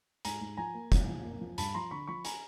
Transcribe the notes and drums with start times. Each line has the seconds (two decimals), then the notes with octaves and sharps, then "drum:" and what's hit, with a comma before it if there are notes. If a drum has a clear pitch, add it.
0.25 G#2 G#5 A#5, drum: hi-hat
0.41 G#2
0.57 F3 G#5 A#5
0.74 A#3
0.92 G#2, drum: kick, hi-hat
1.08 F3
1.25 A#3
1.41 F3
1.58 G2 A5 B5, drum: hi-hat
1.74 F3 A#5 C6
1.91 D3 B5 C#6
2.07 F3 B5 C#6
2.25 G#5 A#5, drum: hi-hat